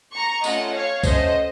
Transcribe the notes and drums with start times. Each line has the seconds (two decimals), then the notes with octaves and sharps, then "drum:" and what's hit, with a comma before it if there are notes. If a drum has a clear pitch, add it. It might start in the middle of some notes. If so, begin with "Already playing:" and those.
0.14 A#5 C#6
0.44 A3 C#4 F4 D#5 F#5, drum: tambourine
0.73 C#5 F5
1.03 A3 C#4 F#4 C5 D#5, drum: kick, tambourine